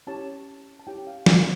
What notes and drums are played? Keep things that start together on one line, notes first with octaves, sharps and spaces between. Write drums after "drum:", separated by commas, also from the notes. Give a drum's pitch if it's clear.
C#4 E4 G4 C#5 A5
A5
C#4 E4 G4 C#5 G5
F5
F5, drum: snare
E5